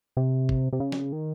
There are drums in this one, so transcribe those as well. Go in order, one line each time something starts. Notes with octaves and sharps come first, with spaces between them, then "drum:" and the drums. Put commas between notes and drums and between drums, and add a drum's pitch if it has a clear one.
C3
drum: kick
C3
C#3
drum: snare
D#3